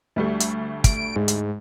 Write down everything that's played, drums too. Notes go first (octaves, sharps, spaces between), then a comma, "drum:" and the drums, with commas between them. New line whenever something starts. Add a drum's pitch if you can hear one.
D2 G3 A3
drum: hi-hat
D7, drum: kick, hi-hat
G#2
drum: hi-hat